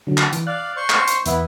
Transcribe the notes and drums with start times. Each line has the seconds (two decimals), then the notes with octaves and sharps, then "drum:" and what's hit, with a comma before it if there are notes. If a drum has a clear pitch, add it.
0.07 D3 F#3
0.18 drum: clap
0.33 E3, drum: hi-hat
0.47 D5 F5 F#6
0.77 C5 C6 C#6
0.90 drum: clap
1.08 drum: hi-hat
1.26 E2 B3 E4 E5, drum: hi-hat